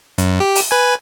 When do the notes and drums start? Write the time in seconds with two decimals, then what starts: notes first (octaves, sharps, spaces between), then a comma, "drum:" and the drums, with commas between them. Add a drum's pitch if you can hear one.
0.18 F#2, drum: hi-hat
0.40 G4
0.55 drum: open hi-hat
0.71 B4 G#5